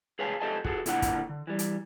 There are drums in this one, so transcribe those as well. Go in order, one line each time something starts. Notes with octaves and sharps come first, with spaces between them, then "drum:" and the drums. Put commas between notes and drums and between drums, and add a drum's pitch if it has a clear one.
G#4 B4 C#5 F5 G#5 A5
G4 A4 C5 D#5 G#5 A5
F#4 G#4 A4, drum: kick
A#2 D3 E4 A#4 C5 F#5, drum: hi-hat
drum: kick, hi-hat
D3
E3 G3
drum: hi-hat